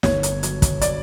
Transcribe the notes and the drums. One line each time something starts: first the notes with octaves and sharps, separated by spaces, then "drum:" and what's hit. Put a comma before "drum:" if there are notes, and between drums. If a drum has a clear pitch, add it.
G1 C#5, drum: snare
drum: hi-hat
F#3, drum: hi-hat
drum: kick, hi-hat
F#3 D5, drum: hi-hat